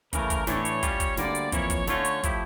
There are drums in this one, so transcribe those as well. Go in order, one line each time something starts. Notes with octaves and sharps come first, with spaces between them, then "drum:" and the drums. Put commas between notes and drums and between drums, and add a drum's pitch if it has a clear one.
C#3 E3 A3 A#4, drum: kick, hi-hat
drum: kick, hi-hat
A2 E3 A3 D4 C#5, drum: snare
drum: hi-hat
G3 C#4 F4, drum: kick, hi-hat
drum: kick, hi-hat
D2 D3 G3 A#3 D5, drum: snare
drum: hi-hat
F2 E3 A#3 E4 C#5, drum: kick, hi-hat
drum: kick, hi-hat
D3 A3 C#4 F4 C#5, drum: snare
drum: hi-hat
F3 A3 E4 G4, drum: kick, hi-hat